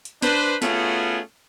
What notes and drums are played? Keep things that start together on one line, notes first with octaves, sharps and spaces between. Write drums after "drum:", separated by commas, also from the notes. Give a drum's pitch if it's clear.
drum: hi-hat
D4 B4 C5, drum: snare
A3 B3 C#4 F4 F#4 G#4, drum: snare